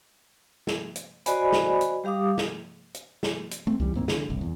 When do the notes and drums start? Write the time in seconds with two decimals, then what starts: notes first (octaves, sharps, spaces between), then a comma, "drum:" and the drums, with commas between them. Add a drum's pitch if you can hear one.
0.67 drum: snare
0.96 drum: hi-hat
1.26 F#4 C5 D5 D#5 G#5 B5, drum: hi-hat
1.52 drum: snare
1.81 drum: hi-hat
2.04 G3 G4 F5 D6 D#6
2.38 drum: snare
2.94 drum: hi-hat
3.23 drum: snare
3.51 drum: hi-hat
3.67 A3 C4
3.80 D#2 E3 G3, drum: kick C2
3.96 F#2 D#3 A#3 C4
4.08 D3, drum: snare
4.30 F#1 C2
4.41 E2